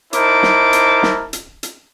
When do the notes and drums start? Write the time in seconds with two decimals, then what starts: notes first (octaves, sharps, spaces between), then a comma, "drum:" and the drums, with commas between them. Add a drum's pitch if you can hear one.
0.13 D#4 E4 A#4 C5 A5 D6, drum: hi-hat
0.43 drum: snare
0.73 drum: hi-hat
1.03 drum: snare
1.33 drum: hi-hat
1.63 drum: hi-hat